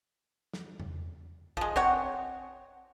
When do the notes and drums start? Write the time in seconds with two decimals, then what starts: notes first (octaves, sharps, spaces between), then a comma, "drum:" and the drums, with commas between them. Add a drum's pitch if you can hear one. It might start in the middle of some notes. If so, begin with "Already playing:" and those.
0.53 drum: snare
0.80 drum: tom E2
1.57 F3 G#3, drum: kick
1.76 C4 C#5 F#5, drum: kick